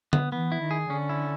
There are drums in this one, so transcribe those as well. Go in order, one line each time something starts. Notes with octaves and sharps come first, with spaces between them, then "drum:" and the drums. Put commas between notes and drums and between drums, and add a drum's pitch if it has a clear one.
B3, drum: tom D3
E3 B3
E4
D#3
G#4
D3 C#4
E4